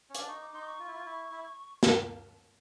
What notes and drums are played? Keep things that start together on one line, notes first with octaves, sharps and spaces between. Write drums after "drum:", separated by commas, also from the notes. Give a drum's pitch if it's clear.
C#4
D4 D6, drum: hi-hat
D#4 C#6
D6
D#4 C6
D6
C#6
F4
E4
F4
E4
E4
drum: snare